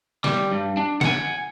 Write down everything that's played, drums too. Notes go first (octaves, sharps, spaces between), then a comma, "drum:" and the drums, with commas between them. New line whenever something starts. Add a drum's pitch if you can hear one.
G3, drum: snare
G2
D4
F#5 G#5, drum: snare